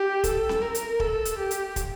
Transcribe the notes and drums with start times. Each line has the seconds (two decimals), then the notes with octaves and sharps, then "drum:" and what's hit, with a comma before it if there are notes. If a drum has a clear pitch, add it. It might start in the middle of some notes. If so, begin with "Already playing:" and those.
Already playing: G4
0.24 A4, drum: kick, hi-hat
0.49 drum: snare C4
0.62 A#4
0.75 drum: hi-hat
1.00 A4, drum: kick
1.25 drum: hi-hat
1.38 G4
1.51 drum: hi-hat
1.76 drum: kick, hi-hat